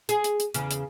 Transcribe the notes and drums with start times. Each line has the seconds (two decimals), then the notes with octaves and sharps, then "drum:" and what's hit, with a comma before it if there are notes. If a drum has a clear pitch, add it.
0.09 G#4, drum: hi-hat
0.24 drum: hi-hat
0.40 drum: hi-hat
0.54 E2 C#3, drum: hi-hat
0.71 drum: hi-hat